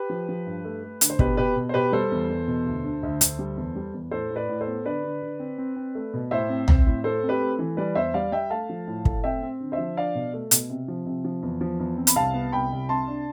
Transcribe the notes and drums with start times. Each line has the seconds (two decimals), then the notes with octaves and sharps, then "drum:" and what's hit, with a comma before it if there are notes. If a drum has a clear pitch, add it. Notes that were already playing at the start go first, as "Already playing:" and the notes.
Already playing: G4 B4
0.10 F3
0.29 F3
0.46 G2
0.65 A3
0.84 A3
1.01 D3, drum: hi-hat
1.10 C5
1.19 B2 G4 B4, drum: kick
1.37 B2 G4 B4
1.56 B2
1.69 C5
1.74 B2 G4 B4
1.92 G3 A4 C5
2.11 E2
2.30 E2
2.47 B2
2.66 D2
2.84 D3
3.03 D2
3.21 D2, drum: hi-hat
3.39 G3
3.57 E2
3.75 G3
3.94 E2
4.11 A2 A4 C5
4.30 A2
4.36 B4 D5
4.49 A2
4.61 A4 C5
4.67 B3
4.85 D3 B4 D5
5.04 D3
5.22 D3
5.39 C4
5.58 C4
5.76 C4
5.95 A3
6.14 B2
6.31 A2 C5 E5
6.49 C4
6.68 C4, drum: tom
6.86 A2
7.04 A3 A4 C5
7.23 C4
7.29 G4 B4
7.41 A3
7.59 E3
7.77 G3 B4 D5
7.95 E2 C5 E5
8.14 G3 D5 F5
8.32 G3 E5 G5
8.50 A3 F5 A5
8.69 F3
8.87 A2
9.05 A3, drum: kick
9.24 C4 E5 G5
9.43 C4
9.60 D3
9.72 C5 E5
9.78 F3
9.97 D4 D5 F5
10.15 B2
10.34 A3
10.51 B2, drum: hi-hat
10.70 C3
10.88 F3
11.06 C3
11.24 F3
11.43 E2
11.61 F3
11.80 E2
11.97 C4
12.07 B5, drum: hi-hat
12.16 C2 F5 A5
12.34 B3
12.52 C2 G5 B5
12.72 C2
12.89 C3 A5 C6
13.08 D4